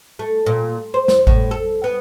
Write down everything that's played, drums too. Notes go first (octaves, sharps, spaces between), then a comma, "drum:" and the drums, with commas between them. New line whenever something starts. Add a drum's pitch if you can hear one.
A3
A#2
C5
drum: snare
A2, drum: kick G#1
A4
B3